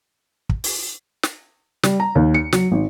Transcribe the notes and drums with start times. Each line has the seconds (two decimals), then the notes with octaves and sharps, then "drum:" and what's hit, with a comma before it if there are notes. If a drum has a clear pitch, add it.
0.49 drum: kick
0.64 drum: open hi-hat
1.23 drum: snare
1.83 G3, drum: snare
2.00 A#5
2.15 D#2
2.34 C#7
2.53 F#3, drum: snare
2.71 G#1